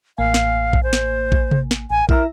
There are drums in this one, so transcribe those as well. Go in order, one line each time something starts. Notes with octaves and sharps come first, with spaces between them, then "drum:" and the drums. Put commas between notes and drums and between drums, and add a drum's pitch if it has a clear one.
A1 A#3 F5 G#5
drum: snare
drum: kick A#1
C5
drum: snare
drum: kick A#1
drum: tom C3
drum: snare
A1 G#5
E4 A#4 E5 A#5, drum: kick A#1